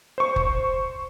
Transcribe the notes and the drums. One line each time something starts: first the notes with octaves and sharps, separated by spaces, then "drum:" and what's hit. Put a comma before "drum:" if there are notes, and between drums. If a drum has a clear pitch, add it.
C5 C#6
drum: kick F1